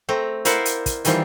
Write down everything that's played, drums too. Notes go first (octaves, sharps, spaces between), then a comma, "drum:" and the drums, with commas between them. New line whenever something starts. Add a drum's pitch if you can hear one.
A3 C4 A#5
E4 A#4 C5 D5 F5 F#5, drum: hi-hat
drum: hi-hat
drum: kick, hi-hat
D#3 E3 G3 C4 F4, drum: hi-hat